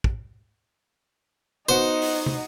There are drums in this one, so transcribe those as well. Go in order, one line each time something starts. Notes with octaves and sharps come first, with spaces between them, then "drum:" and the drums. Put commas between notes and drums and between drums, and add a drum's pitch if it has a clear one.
drum: kick
B3 D#4 F#4 C5
drum: open hi-hat
drum: tom